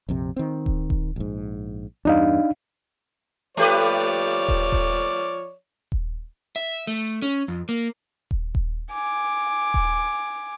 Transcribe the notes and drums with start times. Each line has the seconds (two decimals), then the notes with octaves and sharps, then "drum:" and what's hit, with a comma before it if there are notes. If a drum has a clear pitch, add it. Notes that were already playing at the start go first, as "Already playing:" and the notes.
0.09 A#1 F2 C3
0.36 D#3 C4
0.66 drum: kick D#1
0.90 drum: kick D#1
1.16 A#1 G#2
2.05 E2 G2 D4 D#4 F5
3.57 F3 A3 G4 B4 C#5 D5
4.48 drum: kick D#1
4.72 drum: kick D#1
5.92 drum: kick D#1
6.56 E5
6.87 A3
7.22 C#4
7.48 F2
7.69 A#3
8.31 drum: kick D#1
8.55 drum: kick D#1
8.92 G#5 D6
9.74 drum: kick D#1